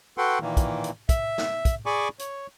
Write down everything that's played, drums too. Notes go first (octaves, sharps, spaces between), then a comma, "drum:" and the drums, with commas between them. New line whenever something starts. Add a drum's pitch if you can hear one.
F#4 A4 B4 F#5 G5 C6
A#2 D#3 E3 A#3
drum: kick, hi-hat
drum: hi-hat
E5, drum: kick, hi-hat
drum: snare
drum: kick, hi-hat
G#4 D5 G#5 B5 C#6 D6
C#5, drum: hi-hat